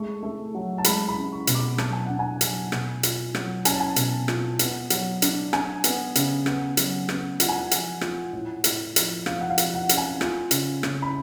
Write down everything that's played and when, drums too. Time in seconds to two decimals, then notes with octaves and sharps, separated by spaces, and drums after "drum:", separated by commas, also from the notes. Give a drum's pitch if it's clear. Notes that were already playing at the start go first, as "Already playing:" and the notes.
Already playing: G#3 A3 C#6
0.23 A3
0.54 F#3
0.78 A5
0.84 G#3 B5, drum: hi-hat
1.08 B5
1.17 C#4
1.32 C#6
1.47 B2, drum: hi-hat
1.55 D6
1.78 F#3 A5, drum: rim click
1.92 G#5
2.06 D4 F#5
2.19 G#5
2.41 F#3, drum: hi-hat
2.72 B2, drum: rim click
3.03 F4, drum: hi-hat
3.35 F#3, drum: rim click
3.65 C#4 G#5, drum: hi-hat
3.73 A5
3.80 G#5
3.96 B2, drum: hi-hat
4.28 F4, drum: rim click
4.59 B3, drum: hi-hat
4.90 F#3, drum: hi-hat
5.22 D4, drum: hi-hat
5.53 D4 G#5, drum: rim click
5.84 B3, drum: hi-hat
6.15 C#3, drum: hi-hat
6.46 B3, drum: rim click
6.77 F#3, drum: hi-hat
7.09 B3, drum: rim click
7.40 F4 F#5, drum: hi-hat
7.49 G#5
7.58 F#5
7.71 F3, drum: hi-hat
8.01 F4, drum: rim click
8.33 A2
8.64 A2, drum: hi-hat
8.96 F3, drum: hi-hat
9.26 F3 F5, drum: rim click
9.41 F#5
9.50 F5
9.58 F3, drum: hi-hat
9.74 F#5
9.89 C#4, drum: hi-hat
9.97 G#5
10.21 F4, drum: rim click
10.51 C#3, drum: hi-hat
10.83 C#3, drum: rim click
11.02 B5